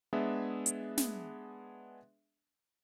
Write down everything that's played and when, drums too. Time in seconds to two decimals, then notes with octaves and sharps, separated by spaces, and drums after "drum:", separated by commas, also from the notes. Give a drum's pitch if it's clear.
0.13 G#3 B3 D4 G#4 E5
0.66 drum: hi-hat
0.98 drum: snare